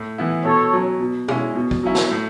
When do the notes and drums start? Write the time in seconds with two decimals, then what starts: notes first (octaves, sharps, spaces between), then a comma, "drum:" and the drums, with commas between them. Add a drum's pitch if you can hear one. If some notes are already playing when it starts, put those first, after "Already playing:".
Already playing: A2
0.18 E3 B3 E4
0.45 B2 A4 C#5
0.73 F#3 C#4
1.00 B2
1.28 G#3 C#4 E4, drum: tom B2
1.55 B2
1.71 drum: kick
1.83 F#3 C#4 E4
1.95 drum: snare
2.11 A2